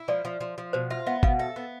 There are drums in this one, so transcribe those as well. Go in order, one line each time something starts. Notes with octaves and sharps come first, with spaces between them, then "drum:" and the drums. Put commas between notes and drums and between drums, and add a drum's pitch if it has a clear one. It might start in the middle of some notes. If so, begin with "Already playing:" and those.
Already playing: E4
F3 D5
F3
F3
F3
B2 C5
F4 E5
B3 E5
B2 F5, drum: kick G#1
A4 E5
B3